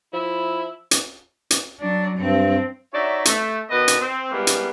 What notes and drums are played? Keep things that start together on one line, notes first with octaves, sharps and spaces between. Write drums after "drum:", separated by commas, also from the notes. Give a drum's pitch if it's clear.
F3 E4
drum: hi-hat
drum: hi-hat
F#3 D4
G2 C4
D#4 F#4 C#5 D5 E5
A3, drum: hi-hat
B2 D#3 B3 B4 D5 D#5
drum: hi-hat
C4
G3 G#3 A#3 B3 E4
drum: hi-hat